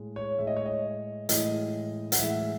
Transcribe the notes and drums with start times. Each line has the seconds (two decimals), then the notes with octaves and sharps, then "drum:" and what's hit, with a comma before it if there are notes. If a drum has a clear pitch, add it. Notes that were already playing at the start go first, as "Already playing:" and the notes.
Already playing: A2 G#3
0.16 C#5
0.39 A2 G#3 E5
0.47 D#5
0.56 C#5
0.66 D#5
1.29 A2 E3 G#3 D#5, drum: hi-hat
2.12 F#5, drum: hi-hat
2.19 A2 E3 G#3 E5